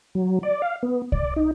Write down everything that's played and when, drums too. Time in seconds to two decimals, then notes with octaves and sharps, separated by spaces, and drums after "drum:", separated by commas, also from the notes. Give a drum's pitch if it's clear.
0.15 F#3
0.43 D5
0.62 F5
0.83 B3
1.12 D5, drum: kick C2
1.36 D#4